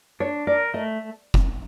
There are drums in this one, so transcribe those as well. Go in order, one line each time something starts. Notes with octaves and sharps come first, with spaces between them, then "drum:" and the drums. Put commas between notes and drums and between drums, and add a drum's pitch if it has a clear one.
D4 C#5
A#4 D5
A3 D#5
drum: kick F1